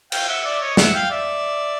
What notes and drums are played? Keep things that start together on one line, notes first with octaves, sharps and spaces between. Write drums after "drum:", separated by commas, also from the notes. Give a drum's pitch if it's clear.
F5 G5, drum: cymbal
E5 F#5
D5 E5
C#5 D#5
E5 F#5, drum: snare
F5 G5
D5 E5